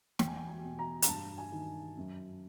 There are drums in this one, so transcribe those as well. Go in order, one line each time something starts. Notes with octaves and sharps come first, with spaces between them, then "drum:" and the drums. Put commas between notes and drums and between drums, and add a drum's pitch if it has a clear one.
E2 G5, drum: snare
G#5
G5
G#5
B2
A#5
A#5, drum: hi-hat
G2 A5
G#5
D#3
F#2